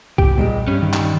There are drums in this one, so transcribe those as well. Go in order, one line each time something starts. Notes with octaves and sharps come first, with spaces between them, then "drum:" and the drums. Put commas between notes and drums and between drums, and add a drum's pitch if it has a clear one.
G4, drum: kick B1
A#2 G3 G#3
G2 C#4
D#3
drum: clap